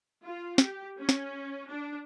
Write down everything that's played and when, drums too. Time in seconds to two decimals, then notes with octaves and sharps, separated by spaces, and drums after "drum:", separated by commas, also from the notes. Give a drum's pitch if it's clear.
0.24 F4
0.58 G4, drum: snare
0.99 C#4
1.09 drum: snare
1.69 D4